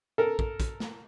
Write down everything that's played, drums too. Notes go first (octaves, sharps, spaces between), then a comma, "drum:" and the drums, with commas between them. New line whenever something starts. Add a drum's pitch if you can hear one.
A4 A#4
drum: kick
drum: kick, hi-hat
drum: snare